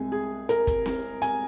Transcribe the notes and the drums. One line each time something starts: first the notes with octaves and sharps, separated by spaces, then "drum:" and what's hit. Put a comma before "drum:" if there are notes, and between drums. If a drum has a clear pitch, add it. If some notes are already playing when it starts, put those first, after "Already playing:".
Already playing: C2 C3 G#3 G#5
G#4
A#4, drum: hi-hat
drum: kick, hi-hat
drum: snare C4
G#5, drum: hi-hat